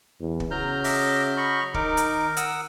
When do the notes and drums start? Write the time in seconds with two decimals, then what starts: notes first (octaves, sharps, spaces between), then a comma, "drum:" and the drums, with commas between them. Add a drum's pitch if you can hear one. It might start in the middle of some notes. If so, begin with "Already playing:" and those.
0.20 E2
0.40 drum: kick
0.51 C#3 F#3 A#5 F6 G6
0.84 D#5 E5 D6, drum: open hi-hat
1.37 D#5 B5 C#6
1.74 D#3 D#4 A#4 D6, drum: kick
1.97 drum: hi-hat
2.37 F#5 D#6 E6, drum: hi-hat